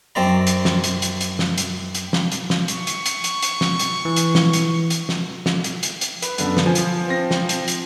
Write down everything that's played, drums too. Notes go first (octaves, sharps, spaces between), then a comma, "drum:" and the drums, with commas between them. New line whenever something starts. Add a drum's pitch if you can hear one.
F#2 C4 D5 A#5
drum: hi-hat
drum: snare
drum: hi-hat
drum: hi-hat
drum: hi-hat
drum: snare
drum: hi-hat
drum: hi-hat
drum: snare
drum: hi-hat
drum: snare
C#6, drum: hi-hat
drum: hi-hat
drum: hi-hat
drum: hi-hat
drum: hi-hat
drum: snare
drum: hi-hat
E3
drum: hi-hat
drum: snare
drum: hi-hat
drum: hi-hat
drum: snare
drum: snare
drum: hi-hat
drum: hi-hat
drum: hi-hat
B4, drum: hi-hat
F#2 D3 B3, drum: hi-hat
drum: snare
F3 G#5
drum: hi-hat
C4 A#6
drum: snare
drum: hi-hat
drum: hi-hat